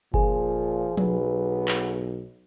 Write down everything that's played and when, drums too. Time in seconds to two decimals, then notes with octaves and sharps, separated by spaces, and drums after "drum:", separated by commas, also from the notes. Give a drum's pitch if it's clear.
0.14 A#2 F3 G#4 G#5, drum: kick F#1
0.97 B1 B3, drum: tom F3
1.68 drum: clap